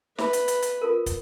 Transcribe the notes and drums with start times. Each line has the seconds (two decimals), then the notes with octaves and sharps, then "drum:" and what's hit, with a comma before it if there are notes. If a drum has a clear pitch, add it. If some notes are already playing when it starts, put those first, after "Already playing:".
0.18 B4 E5 B5, drum: snare
0.33 drum: hi-hat
0.48 drum: hi-hat
0.62 drum: hi-hat
0.81 F4 A4 A#4
1.06 drum: kick, hi-hat